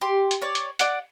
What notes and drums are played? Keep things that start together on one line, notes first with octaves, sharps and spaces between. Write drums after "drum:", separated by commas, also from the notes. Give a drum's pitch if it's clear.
G4 C6
drum: hi-hat
C#5 D5
drum: hi-hat
D5 F#5, drum: hi-hat